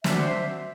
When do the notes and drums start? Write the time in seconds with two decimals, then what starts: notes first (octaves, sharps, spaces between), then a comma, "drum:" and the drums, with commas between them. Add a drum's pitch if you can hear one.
0.04 D4 F#4 C5 E5, drum: snare